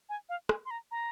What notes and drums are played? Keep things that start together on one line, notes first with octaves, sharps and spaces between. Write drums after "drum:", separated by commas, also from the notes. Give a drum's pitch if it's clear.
G#5
F5
G#5, drum: rim click
C6
A#5
A#5